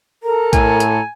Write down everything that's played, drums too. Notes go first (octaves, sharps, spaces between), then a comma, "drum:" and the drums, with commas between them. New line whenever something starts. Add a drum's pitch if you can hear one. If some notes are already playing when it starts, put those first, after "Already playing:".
A4 A#4 A#5
A2 G#5, drum: kick A#1, hi-hat
drum: hi-hat